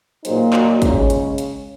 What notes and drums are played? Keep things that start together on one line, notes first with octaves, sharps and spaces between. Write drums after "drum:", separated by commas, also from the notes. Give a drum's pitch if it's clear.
A#2 F#3 A#3 D#4 G#4 C5, drum: hi-hat
F#4 A#4, drum: clap
C#3 G#3 C#4, drum: kick, hi-hat
drum: hi-hat
drum: hi-hat